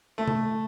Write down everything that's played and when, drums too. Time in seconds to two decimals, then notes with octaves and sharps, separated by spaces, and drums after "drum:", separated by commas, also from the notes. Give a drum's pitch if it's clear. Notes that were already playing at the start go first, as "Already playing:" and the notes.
0.18 A3
0.28 drum: tom C3